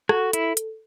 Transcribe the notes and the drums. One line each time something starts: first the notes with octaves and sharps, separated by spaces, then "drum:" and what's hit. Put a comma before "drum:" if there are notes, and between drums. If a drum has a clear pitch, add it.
F#4 A4, drum: rim click
E4, drum: hi-hat
drum: hi-hat